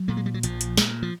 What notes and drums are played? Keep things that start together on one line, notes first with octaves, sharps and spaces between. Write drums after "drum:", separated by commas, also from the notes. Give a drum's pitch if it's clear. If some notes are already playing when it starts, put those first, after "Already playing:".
Already playing: F#3
A#2 A3
G#3
G3
F#3
A#1 F3, drum: hi-hat
drum: hi-hat
A#2, drum: snare
F3